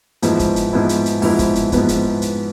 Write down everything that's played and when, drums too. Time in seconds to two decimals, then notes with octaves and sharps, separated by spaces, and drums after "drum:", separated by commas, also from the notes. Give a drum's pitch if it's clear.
0.22 G#2 F3 B3 E4, drum: hi-hat
0.39 drum: kick, hi-hat
0.56 drum: hi-hat
0.73 G#2 F3 B3 E4
0.89 drum: hi-hat
1.06 drum: hi-hat
1.22 G#2 F3 B3 E4, drum: open hi-hat
1.39 drum: kick, hi-hat
1.55 drum: hi-hat
1.72 G#2 F3 B3 E4, drum: kick, hi-hat
1.88 drum: hi-hat
2.22 drum: hi-hat